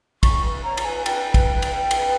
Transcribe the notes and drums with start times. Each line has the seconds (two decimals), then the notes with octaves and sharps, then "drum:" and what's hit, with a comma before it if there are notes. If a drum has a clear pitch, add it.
0.23 C#6, drum: kick, cymbal
0.43 B4
0.64 C#5 A#5
0.77 A#5, drum: cymbal
0.85 B4 G#5
1.06 B4 G5, drum: cymbal
1.34 drum: kick, cymbal
1.62 drum: cymbal
1.91 B4, drum: cymbal